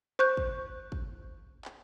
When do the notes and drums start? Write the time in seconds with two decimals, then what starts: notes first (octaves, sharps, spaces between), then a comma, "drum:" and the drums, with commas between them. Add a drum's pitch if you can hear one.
0.19 C5 C#6 F#6 G6
0.37 drum: kick
0.92 drum: kick
1.65 drum: clap